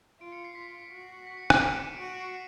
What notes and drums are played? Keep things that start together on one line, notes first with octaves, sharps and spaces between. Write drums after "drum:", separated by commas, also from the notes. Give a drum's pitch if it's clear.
F4 D7
C#7
C7
F4 B6
F#4
B6
C#7
D7, drum: rim click
G4 D#7
E7
D#7
F#4 D7
D#7
D7
C#7
C7